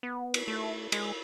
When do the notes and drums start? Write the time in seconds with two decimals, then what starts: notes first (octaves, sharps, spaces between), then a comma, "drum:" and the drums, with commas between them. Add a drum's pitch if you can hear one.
0.03 B3
0.34 drum: cymbal
0.48 A3
0.92 G#3, drum: cymbal